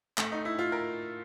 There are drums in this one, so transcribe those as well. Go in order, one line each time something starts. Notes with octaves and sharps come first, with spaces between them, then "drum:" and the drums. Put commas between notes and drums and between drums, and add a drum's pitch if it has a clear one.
A3, drum: clap
D#4
E4
F4
A#4